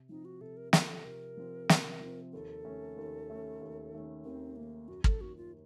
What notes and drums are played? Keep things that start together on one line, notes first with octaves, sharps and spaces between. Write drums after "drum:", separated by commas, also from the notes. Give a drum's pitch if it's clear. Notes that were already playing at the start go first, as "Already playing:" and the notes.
Already playing: C3
F3 C4 D#4
F#4
C3 A4
A#4
F3 C4 A#4, drum: snare
A4
C3 A#4
F3 C4
C3, drum: snare
F3 C4
D#2 A4
D#3 A3 C#4
D#2
D#3 A3 C#4
D#2
D#3 A3 C#4
D#2 C4
D#3 A3 A#3 C#4
F#2 F#4
A4, drum: kick
D#3 A#3 F#4
F4